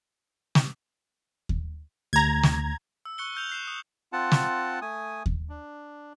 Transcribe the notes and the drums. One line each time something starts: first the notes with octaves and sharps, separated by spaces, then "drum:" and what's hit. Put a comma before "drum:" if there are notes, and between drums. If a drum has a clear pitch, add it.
drum: snare
drum: kick D#2
D2 A#5 G#6
drum: snare
E6
C#6 F#6 C#7 G7
E6 F6 G6 F7
F#6 C7 E7
D#6
C4 F4 F#5 A5
drum: snare
A3 G#5 D#6
drum: kick D#2
D4